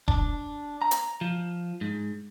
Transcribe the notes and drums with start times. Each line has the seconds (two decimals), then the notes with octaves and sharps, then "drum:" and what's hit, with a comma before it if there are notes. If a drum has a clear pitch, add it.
0.08 D4, drum: kick F1
0.82 A#5
0.91 drum: hi-hat
1.21 F3
1.81 G#2